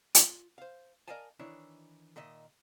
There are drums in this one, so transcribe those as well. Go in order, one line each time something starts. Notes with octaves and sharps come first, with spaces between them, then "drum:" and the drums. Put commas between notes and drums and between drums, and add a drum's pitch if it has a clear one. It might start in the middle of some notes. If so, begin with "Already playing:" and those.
F4, drum: hi-hat
C5 F5
A#4 D5 D#5 F5 G#5 A5
D#3 E3 D4 E4 C#5
A#2 D#3 D#5 E5